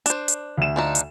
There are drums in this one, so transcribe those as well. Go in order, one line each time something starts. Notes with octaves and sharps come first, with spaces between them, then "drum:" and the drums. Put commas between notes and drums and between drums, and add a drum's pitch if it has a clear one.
D4 C5, drum: hi-hat
drum: hi-hat
D2 E7
F3 D4 D#4
drum: hi-hat